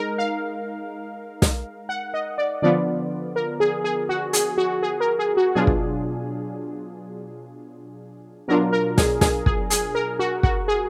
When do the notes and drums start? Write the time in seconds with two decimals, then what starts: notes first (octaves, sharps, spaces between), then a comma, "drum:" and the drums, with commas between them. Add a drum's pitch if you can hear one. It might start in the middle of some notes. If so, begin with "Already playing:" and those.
Already playing: G#3 D#4 A#4
0.18 F5
1.42 drum: snare
1.89 F#5
2.14 D#5
2.38 D5
2.62 D3 F3 B3 F4 D5
3.36 A#4
3.60 G#4
3.84 G#4
4.09 F#4
4.33 G#4, drum: hi-hat
4.58 F#4
4.82 G#4
5.00 A#4
5.19 G#4
5.37 F#4
5.55 B2 F#3 D4 F4 G#4
5.67 drum: kick
8.48 B2 F#3 D4 F4 A#4
8.73 A#4
8.98 G#4, drum: snare
9.21 G#4, drum: snare
9.46 G#4, drum: kick
9.70 G#4, drum: hi-hat
9.95 A#4
10.19 F#4
10.43 F#4, drum: kick
10.68 G#4